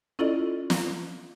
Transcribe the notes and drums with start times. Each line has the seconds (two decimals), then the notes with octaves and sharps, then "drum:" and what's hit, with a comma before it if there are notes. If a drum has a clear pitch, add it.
0.19 C#4 E4 F4 A4 D5 D#5
0.70 drum: snare